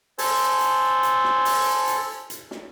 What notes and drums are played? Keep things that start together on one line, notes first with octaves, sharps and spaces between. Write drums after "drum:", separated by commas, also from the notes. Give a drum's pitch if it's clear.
A4 C5 G#5, drum: open hi-hat
drum: hi-hat
drum: hi-hat
drum: snare
drum: open hi-hat
drum: hi-hat
drum: hi-hat
drum: snare